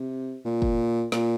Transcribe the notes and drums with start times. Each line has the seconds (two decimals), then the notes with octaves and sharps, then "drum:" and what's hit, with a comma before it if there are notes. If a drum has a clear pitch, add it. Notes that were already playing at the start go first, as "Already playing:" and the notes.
Already playing: C3
0.45 A#2
0.62 drum: kick
1.12 A#2, drum: snare